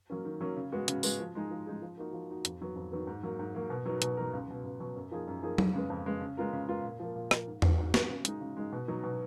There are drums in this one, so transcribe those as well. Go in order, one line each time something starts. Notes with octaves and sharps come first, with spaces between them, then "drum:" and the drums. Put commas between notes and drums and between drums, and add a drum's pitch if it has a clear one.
F#3 A#3 C#4
D#3
F#3 A#3 C#4
C#3
G#3 B3 F#4
C#3, drum: hi-hat
G#3 B3 F#4, drum: tambourine
F3
G#3 D#4 G#4
F3
G#3 D#4 G#4
F3
A#3 D#4 F#4
F3
A#3 D#4 F#4
F2, drum: hi-hat
D#3 F#3 B3
F2
D#3 F#3 B3
G#2
F#3 A#3
G#2
F#3 A#3
B2
F#3 B3 D#4 A#4
B2, drum: hi-hat
F#3 B3 D#4 A#4
C#2
B2 F#3
C#2
B2 F#3
F#2
F3 A#3 D#4 G#4
F#2
F3 A#3 D#4 G#4
F2, drum: tom F#3
C#3 G#3 B3
F2
C#3 G#3 B3
C#3
G#3 B3 F4 A#4
C#3
G#3 B3 F4 A#4
A#2
F3 A#3
A#2
F3 A#3, drum: rim click
G#2
F#3 B3 F#4, drum: tom E2
G#2
F#3 B3 F#4, drum: snare
C#3
G#3 D#4, drum: hi-hat
C#3
G#3 D#4
B2
F#3 B3 D#4
B2